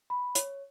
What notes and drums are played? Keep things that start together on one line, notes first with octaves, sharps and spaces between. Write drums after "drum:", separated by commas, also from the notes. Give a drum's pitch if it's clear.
B5
C#5, drum: hi-hat